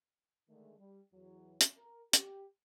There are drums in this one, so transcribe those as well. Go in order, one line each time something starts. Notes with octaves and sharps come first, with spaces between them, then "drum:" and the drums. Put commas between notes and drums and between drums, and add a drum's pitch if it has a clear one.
D3 D#3 G#3 A3
G3
E2 E3 F#3
drum: hi-hat
A#4
G4, drum: hi-hat